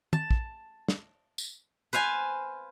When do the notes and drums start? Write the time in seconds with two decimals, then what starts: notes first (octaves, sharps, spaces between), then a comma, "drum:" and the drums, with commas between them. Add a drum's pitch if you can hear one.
0.13 A5, drum: tom
0.30 drum: kick
0.88 drum: snare
1.38 drum: tambourine
1.93 B4 C5 F5 G#5